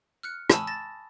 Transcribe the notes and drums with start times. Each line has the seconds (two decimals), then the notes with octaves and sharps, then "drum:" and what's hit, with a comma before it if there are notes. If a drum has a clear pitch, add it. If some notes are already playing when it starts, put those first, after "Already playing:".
0.23 F6 F#6 C#7
0.50 G#5 A5 B5 C#6 D#6 E6, drum: rim click
0.67 A6 A#6 E7